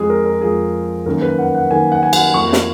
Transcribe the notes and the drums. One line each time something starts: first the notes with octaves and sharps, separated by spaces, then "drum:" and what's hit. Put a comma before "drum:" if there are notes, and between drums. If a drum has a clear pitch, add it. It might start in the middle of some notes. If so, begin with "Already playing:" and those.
Already playing: F2 F3 G#3 G#4
A#4
A#4
F2 F3 G#3 G#4
F#2 D#3 A#3 A#4
B4
F#5
F#5
F#2 D#3 A#3 G#5
F#5
G#5
F#5, drum: cymbal
F2 F3 A#3 C#6
drum: snare